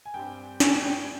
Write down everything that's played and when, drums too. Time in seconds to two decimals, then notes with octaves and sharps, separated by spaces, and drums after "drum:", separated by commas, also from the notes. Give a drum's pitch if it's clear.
0.05 G#5
0.14 G2 G3 C4 G5
0.60 G#5, drum: snare
0.83 G5